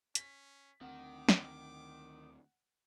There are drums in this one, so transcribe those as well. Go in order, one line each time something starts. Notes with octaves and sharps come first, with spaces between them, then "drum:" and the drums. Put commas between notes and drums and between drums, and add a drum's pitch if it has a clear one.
C#4 B6, drum: hi-hat
D2 D#3 C4 F#5 D6
drum: snare